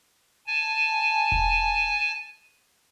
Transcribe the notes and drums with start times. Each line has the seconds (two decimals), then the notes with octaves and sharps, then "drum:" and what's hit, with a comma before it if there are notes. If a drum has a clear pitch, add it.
0.47 G#5 A5
1.32 drum: kick E1